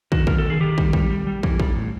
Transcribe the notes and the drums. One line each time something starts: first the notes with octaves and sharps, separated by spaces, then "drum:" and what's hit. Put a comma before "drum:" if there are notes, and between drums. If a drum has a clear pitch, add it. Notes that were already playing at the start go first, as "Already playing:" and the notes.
D#3 F#4, drum: kick
D#3 A#4, drum: kick
A4
D#3 G#4
D#3 G4
G3, drum: kick
G3, drum: kick
G3
G3
E3, drum: kick
G3, drum: kick
A2